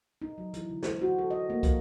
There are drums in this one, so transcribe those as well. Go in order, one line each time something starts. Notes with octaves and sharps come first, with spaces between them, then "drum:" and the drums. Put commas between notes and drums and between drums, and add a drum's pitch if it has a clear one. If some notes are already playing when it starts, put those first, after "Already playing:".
D#4
F#3
E3, drum: hi-hat
D3
C5, drum: snare
F#4
A4
D#5
A#3
F3, drum: kick, hi-hat